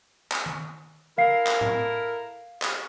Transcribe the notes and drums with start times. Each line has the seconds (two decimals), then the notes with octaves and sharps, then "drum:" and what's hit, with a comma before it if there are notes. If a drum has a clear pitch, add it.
0.31 drum: clap
0.46 drum: tom D#3
1.18 E4 A4 A#4 F5 C7
1.47 drum: clap
1.61 drum: tom A2
2.62 drum: clap